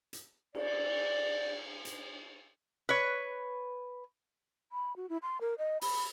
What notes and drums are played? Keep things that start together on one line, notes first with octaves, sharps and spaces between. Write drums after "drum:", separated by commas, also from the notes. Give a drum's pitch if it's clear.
drum: hi-hat
D5, drum: cymbal
drum: hi-hat
B4 C#5
B5
F#4
E4
C6
A#4
D#5
B5, drum: open hi-hat